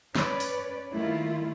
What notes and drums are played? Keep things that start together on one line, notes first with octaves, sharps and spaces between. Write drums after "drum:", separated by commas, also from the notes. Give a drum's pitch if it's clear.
C#4 B4 C#5 D5, drum: snare
drum: open hi-hat
D#3 G3 A3 A#3 E4 F4